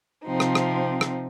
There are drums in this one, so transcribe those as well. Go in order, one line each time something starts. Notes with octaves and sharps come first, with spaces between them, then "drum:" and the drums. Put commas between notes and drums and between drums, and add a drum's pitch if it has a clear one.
C3 F3 C4 D#4
drum: rim click
drum: rim click
drum: rim click